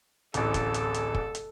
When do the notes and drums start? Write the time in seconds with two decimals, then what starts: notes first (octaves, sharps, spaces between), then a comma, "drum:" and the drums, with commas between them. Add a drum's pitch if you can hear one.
0.34 D1 A1 A4, drum: hi-hat
0.54 drum: kick, hi-hat
0.74 drum: hi-hat
0.94 drum: hi-hat
1.14 drum: kick
1.35 drum: hi-hat